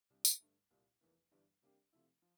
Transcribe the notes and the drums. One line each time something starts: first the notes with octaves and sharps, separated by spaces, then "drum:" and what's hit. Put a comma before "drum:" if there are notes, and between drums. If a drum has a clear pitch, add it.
C2 C3 G3 D4
drum: tambourine
G2 D3 A3
C2 A#2 G3
F1 E2 E3 A#3
G1 G2 E3 G3
C3 G3 A#3 D4 G4
C3 F3 A3 E4
F3